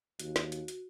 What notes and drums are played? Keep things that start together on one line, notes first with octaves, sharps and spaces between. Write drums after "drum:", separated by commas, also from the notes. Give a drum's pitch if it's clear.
D#2 F#4, drum: hi-hat
drum: snare
drum: hi-hat
drum: hi-hat